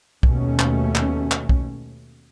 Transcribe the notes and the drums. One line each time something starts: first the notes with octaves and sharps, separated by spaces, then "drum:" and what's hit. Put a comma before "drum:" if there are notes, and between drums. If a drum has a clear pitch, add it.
D#2 B2 A3 C#4, drum: kick B1
drum: clap
drum: clap
drum: clap
drum: kick B1